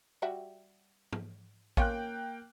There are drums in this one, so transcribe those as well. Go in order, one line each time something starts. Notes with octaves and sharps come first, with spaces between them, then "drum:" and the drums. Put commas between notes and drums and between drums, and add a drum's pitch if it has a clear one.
G3 F#4 E5
drum: tom G#2
A#3 C#4 F4 G5 F#6, drum: kick